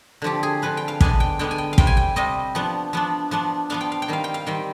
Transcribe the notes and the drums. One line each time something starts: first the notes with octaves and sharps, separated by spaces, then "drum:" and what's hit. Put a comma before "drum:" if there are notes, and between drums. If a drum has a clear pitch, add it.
D3 F3 C4 G4
G#4
D3 F3 C4 B4
G5
F5
D3 G#3 B3 D4 G#5, drum: kick
G5
D3 G#3 B3 D4 G5
G#5
G5
F5
C3 G3 C4 G5, drum: kick
G#5
G5
C3 G3 C4 D#5
F3 B3 D4
F3 B3 D4
F3 B3 D4
F3 B3 D4 F5
G5
F5
G5
D#3 G3 C4 F5
G5
F5
D#3 G3 C4 G5